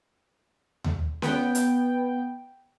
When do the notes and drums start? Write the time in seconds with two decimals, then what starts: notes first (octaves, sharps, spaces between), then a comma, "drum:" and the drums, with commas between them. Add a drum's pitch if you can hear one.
0.84 drum: tom D#2
1.22 B3 G5, drum: snare C#4
1.55 drum: hi-hat